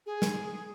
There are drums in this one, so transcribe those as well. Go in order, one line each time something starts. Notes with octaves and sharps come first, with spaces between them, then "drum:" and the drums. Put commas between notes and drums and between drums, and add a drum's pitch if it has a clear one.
G#4
drum: snare